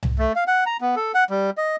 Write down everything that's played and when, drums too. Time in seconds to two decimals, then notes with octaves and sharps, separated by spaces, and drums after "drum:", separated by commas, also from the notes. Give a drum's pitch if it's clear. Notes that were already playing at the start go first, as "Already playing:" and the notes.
0.03 drum: tom C2
0.19 A3
0.35 F5
0.47 F#5
0.66 A#5
0.81 B3
0.96 A4
1.14 F#5
1.30 G3
1.57 D#5